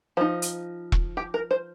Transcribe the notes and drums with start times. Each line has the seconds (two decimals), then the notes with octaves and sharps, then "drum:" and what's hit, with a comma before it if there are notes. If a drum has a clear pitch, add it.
0.17 F3 D#4 C5
0.42 drum: hi-hat
0.92 drum: kick E1
1.17 G4
1.34 A#4
1.51 C5